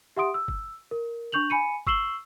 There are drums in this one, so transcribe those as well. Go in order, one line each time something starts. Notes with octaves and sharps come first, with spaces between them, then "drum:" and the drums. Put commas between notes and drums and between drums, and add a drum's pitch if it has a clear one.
G4 E5 F#5 C6 D#6 D7
E6
drum: kick G1
A#4
D4 C#6 G6 F7 F#7
G#5 B5 C#7 D#7
C#6 E6 C7 E7 F#7 G7, drum: kick G1